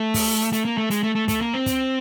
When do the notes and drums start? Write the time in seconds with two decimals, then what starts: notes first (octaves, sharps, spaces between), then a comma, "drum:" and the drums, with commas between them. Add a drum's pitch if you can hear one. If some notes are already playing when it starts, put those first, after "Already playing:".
Already playing: A3
0.14 drum: kick, open hi-hat
0.53 A3, drum: hi-hat
0.65 A#3
0.78 A3
0.91 G#3, drum: hi-hat
1.03 A3
1.15 A3
1.28 A3, drum: kick, hi-hat
1.41 A#3
1.53 C4
1.66 drum: kick, hi-hat